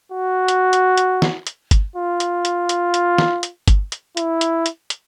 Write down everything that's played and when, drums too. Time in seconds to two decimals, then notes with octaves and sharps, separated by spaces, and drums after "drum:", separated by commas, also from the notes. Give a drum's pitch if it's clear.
0.12 F#4
0.48 drum: hi-hat
0.73 drum: hi-hat
0.98 drum: hi-hat
1.22 drum: snare
1.47 drum: hi-hat
1.71 drum: kick G1, hi-hat
1.96 F4
2.20 drum: hi-hat
2.45 drum: hi-hat
2.69 drum: hi-hat
2.94 drum: hi-hat
3.18 drum: snare
3.43 drum: hi-hat
3.68 drum: kick G1, hi-hat
3.92 drum: hi-hat
4.17 E4, drum: hi-hat
4.41 drum: hi-hat
4.66 drum: hi-hat
4.90 drum: hi-hat